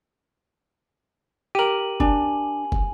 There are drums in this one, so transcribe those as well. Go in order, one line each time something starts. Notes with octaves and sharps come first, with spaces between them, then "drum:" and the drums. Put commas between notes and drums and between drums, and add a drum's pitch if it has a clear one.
G4 A#4 D#7 F#7
D4 G#5, drum: kick
drum: kick